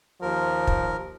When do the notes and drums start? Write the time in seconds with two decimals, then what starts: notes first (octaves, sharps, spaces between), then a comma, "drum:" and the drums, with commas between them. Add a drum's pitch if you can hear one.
0.22 D#2 F3 A#4
0.67 drum: kick